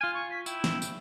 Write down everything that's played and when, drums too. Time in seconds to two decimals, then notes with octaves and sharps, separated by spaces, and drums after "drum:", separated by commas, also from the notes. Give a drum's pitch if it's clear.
0.01 F4 G#5 F6
0.14 C#6
0.31 B6
0.46 E4 G5, drum: tambourine
0.64 drum: snare
0.82 drum: tambourine